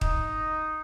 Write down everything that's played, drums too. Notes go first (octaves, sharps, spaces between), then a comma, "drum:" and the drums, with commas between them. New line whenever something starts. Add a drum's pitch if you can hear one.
D#4, drum: kick